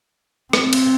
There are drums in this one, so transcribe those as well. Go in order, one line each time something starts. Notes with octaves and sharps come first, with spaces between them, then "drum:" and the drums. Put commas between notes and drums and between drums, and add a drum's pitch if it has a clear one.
C4, drum: rim click
drum: cymbal